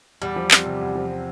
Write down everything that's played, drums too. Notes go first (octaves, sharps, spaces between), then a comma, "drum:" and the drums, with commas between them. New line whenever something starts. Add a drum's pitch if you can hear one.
E2 G3
F3
C4, drum: clap
C3
E2
F3
C4